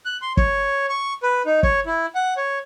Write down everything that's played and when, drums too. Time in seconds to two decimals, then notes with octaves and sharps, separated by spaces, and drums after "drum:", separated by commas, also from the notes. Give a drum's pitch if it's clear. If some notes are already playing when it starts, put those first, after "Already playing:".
0.05 F#6
0.22 C6
0.37 C#5, drum: kick
0.90 C#6
1.23 B4
1.46 D#4
1.63 C#5, drum: kick
1.86 E4
2.15 F#5
2.37 C#5